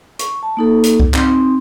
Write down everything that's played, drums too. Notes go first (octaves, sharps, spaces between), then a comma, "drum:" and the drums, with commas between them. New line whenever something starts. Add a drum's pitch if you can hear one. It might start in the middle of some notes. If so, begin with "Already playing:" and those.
C#6, drum: hi-hat
A5
A#3 D#4 A4
drum: hi-hat
drum: kick C#2
C4 D#4 C6, drum: clap